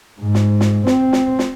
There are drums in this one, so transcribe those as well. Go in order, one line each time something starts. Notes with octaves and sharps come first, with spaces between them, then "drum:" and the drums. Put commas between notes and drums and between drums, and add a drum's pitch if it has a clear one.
G#2
drum: snare
drum: snare
C4, drum: snare
drum: snare
drum: snare